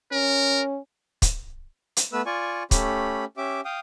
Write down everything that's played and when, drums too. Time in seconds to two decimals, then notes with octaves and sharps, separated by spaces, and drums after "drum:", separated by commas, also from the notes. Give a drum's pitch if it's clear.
0.12 C#4 A#4
1.22 drum: kick C#1, hi-hat
1.97 drum: hi-hat
2.13 A3 B3 B4 E6
2.26 F4 D5 G#5 C#6
2.71 A3 C#4 G4 B5, drum: kick C#1, hi-hat
3.37 C#4 G4 E5 D6
3.65 F5 G5 D#6